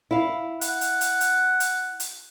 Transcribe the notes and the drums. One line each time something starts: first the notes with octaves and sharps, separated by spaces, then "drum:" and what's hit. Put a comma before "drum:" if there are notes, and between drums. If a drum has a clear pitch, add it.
E4 F5
F#5, drum: hi-hat
drum: hi-hat
drum: hi-hat
drum: hi-hat
drum: hi-hat
drum: hi-hat